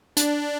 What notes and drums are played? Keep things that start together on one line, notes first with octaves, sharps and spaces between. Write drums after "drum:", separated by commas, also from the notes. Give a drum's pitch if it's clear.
D4, drum: hi-hat